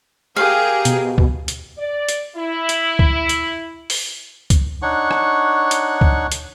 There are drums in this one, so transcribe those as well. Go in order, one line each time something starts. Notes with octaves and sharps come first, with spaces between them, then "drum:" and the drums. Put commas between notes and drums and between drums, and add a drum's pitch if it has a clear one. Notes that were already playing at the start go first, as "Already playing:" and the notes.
G4 G#4 A#4 F5
B2, drum: hi-hat
drum: kick C#2
drum: hi-hat
D5
drum: hi-hat
E4
drum: hi-hat
drum: kick C#2
drum: hi-hat
drum: open hi-hat
drum: kick C#2, hi-hat
D4 D#4 C#5 F#5 C#6
drum: rim click
drum: hi-hat
drum: kick C#2
drum: hi-hat